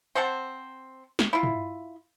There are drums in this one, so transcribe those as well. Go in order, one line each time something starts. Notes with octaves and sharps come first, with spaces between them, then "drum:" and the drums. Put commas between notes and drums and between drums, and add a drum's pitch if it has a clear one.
C4 C5 F#5 A5
drum: snare
E4 F4
drum: tom